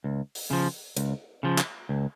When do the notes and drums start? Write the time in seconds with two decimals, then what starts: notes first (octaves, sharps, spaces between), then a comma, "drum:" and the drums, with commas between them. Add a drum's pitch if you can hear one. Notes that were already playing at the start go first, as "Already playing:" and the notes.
0.04 C#2
0.35 drum: open hi-hat
0.51 C#3 F3
0.97 C#2, drum: hi-hat
1.43 C#3 F3
1.58 drum: clap
1.89 C#2